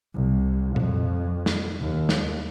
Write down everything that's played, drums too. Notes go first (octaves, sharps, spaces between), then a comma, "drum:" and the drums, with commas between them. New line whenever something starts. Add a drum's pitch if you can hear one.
C2
F2, drum: tom A#2
drum: snare
D#2
drum: snare